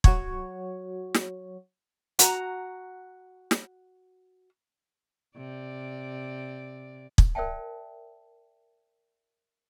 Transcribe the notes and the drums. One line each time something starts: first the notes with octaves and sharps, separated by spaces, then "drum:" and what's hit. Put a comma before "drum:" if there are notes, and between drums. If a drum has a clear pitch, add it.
F#3 F#4 C#5, drum: kick
drum: snare
F#4 A#5, drum: hi-hat
drum: snare
C3 D5
drum: kick
A#4 C5 D5 E5 G5 A5